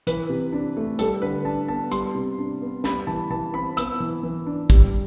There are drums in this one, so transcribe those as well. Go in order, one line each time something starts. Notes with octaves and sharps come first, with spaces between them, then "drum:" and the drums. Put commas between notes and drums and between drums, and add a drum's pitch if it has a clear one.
E3 B4, drum: hi-hat
C3
D4
A3
G3 A4, drum: hi-hat
D3 B4
D4 A5
B3 A5
G3 C6, drum: hi-hat
C3
D4
B3
G3 B5, drum: snare
E3 A5
E3 A5
C4 B5
B3 E6, drum: hi-hat
E3
E3
D4
G3, drum: kick, hi-hat